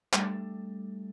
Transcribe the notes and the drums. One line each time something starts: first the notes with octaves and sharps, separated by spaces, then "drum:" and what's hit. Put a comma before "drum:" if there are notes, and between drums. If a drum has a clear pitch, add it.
G3 A3 D4, drum: clap